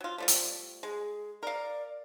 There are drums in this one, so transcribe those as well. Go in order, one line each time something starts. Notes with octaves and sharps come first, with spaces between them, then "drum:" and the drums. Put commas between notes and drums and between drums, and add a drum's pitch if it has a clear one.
F#3 F4
F3 G3 A3
drum: hi-hat
G#3 G#4
A#4 D5 F5